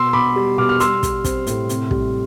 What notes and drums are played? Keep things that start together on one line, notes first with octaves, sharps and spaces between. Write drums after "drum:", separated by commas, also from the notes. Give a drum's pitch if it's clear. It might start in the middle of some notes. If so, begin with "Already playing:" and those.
Already playing: B2 C6 E6
B2 B5 D6
G3
B2 D6 F6
F6
G3 C6 E6, drum: hi-hat
G3, drum: kick, hi-hat
C4, drum: kick, hi-hat
A2, drum: hi-hat
C3, drum: hi-hat
G3, drum: kick